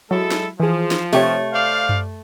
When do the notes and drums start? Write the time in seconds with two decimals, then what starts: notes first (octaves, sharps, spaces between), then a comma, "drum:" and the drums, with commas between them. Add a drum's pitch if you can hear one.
0.11 F#3 G#3 E4 A4
0.31 drum: snare
0.60 E3 F3 G#4
0.91 drum: snare
1.13 C3 A3 G4 C#5, drum: open hi-hat
1.53 C5 D5 F5
1.89 drum: tom F#2